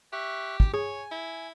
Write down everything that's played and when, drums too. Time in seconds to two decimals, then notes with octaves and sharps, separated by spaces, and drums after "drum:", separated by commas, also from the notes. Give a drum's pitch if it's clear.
0.13 G4 E5 C#6 F#6
0.60 drum: kick
0.74 G#4 C#5 G#5
1.11 E4